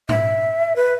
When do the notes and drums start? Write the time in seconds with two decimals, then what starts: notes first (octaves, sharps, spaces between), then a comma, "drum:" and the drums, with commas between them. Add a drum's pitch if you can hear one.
0.09 E5, drum: tom G#2
0.76 B4